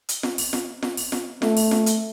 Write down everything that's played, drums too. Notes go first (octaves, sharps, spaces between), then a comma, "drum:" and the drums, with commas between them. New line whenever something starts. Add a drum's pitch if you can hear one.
drum: hi-hat
drum: snare F4
drum: open hi-hat
drum: snare F4
drum: snare F4
drum: open hi-hat
drum: snare F4
A3, drum: snare F4
drum: open hi-hat
drum: snare F4
drum: hi-hat